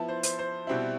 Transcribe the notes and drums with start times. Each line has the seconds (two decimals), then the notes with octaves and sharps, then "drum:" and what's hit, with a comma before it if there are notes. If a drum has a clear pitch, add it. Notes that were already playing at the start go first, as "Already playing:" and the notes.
Already playing: F3 B3 E4 A5
0.08 C5
0.23 C5, drum: hi-hat
0.39 C5
0.67 B2 G3 C4 E4